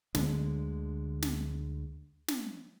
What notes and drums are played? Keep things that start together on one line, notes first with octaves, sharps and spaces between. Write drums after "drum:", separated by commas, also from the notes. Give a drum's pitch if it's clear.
D2 D3 G#3, drum: snare
drum: snare
drum: snare